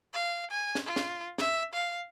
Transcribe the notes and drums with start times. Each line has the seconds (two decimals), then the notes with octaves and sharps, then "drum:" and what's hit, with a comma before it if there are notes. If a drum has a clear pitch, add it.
0.14 F5
0.51 G#5
0.75 drum: snare
0.86 F4
0.96 drum: snare
1.38 E5, drum: snare
1.74 F5